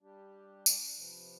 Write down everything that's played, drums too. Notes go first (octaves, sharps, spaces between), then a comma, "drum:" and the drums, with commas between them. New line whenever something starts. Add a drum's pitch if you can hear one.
G3 D4 G4
drum: tambourine
C3 F3 B3